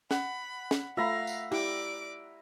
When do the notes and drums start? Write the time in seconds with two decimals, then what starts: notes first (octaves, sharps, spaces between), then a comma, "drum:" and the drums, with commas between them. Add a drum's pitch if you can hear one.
0.11 F#5 B5, drum: snare
0.71 drum: snare
0.97 A3 F4 E5 F5 A#5 B5
1.27 drum: tambourine
1.51 E4 G4 D5 D6, drum: cymbal